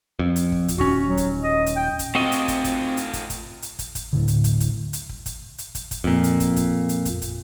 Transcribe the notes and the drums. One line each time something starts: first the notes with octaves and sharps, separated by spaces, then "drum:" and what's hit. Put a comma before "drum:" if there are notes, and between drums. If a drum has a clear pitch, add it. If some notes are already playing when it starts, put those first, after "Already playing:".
F2
drum: hi-hat
drum: kick
drum: kick, hi-hat
D#1 C#4 F#4
F#3
drum: kick, hi-hat
D#5
drum: hi-hat
G5
drum: kick, hi-hat
A3 C4 F4 F#4 D#5
drum: hi-hat
drum: kick, hi-hat
drum: kick, hi-hat
drum: hi-hat
drum: kick, hi-hat
drum: kick, hi-hat
drum: hi-hat
drum: kick, hi-hat
drum: kick, hi-hat
D1 A2 D3
drum: hi-hat
drum: kick, hi-hat
drum: kick, hi-hat
drum: hi-hat
drum: kick
drum: kick, hi-hat
drum: hi-hat
drum: kick, hi-hat
drum: kick, hi-hat
F2 A#2
drum: hi-hat
drum: kick, hi-hat
drum: kick, hi-hat
drum: hi-hat
drum: kick, hi-hat
drum: kick, hi-hat